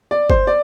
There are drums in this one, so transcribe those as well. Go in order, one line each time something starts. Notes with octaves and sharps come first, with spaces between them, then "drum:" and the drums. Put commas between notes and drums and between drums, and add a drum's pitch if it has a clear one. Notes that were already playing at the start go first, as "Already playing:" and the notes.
D5
C5, drum: kick
D5